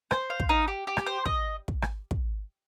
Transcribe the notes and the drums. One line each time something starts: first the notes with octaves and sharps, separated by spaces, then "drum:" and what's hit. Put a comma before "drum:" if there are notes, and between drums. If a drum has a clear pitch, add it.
C5, drum: rim click
F5
drum: kick
D#4
G4
G4
drum: rim click
C5
D#5, drum: kick
drum: kick
drum: rim click
drum: kick